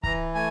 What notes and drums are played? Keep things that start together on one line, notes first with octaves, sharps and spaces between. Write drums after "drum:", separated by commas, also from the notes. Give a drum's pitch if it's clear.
E3 A#5, drum: kick
A3 G#5